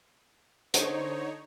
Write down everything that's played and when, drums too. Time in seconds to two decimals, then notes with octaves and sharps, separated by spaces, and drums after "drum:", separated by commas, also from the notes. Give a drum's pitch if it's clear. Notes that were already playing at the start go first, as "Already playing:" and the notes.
0.74 D3 D#4 C5 C#5, drum: hi-hat